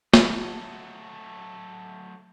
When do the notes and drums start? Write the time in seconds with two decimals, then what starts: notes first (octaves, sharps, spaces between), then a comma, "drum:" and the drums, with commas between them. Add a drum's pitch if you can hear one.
0.14 F#3 A3, drum: snare